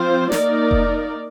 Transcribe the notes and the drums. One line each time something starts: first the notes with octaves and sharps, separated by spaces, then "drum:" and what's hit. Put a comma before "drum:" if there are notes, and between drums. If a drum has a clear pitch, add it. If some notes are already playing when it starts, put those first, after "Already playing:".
Already playing: F3 C4 F4 C5
A#3 D#4 A#4 D5, drum: snare
drum: kick F1